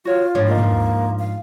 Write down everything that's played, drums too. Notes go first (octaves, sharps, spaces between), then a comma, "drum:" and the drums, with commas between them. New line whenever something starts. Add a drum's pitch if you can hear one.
F4 F#4 C#5
G#2 F3 D4 C#5
A#3 F4 D#5
drum: tom
F5